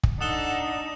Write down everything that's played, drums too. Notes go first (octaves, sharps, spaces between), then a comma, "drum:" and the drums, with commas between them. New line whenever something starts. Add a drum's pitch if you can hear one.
drum: kick
D4 D#4 A4 F#5 D#6 E7 G7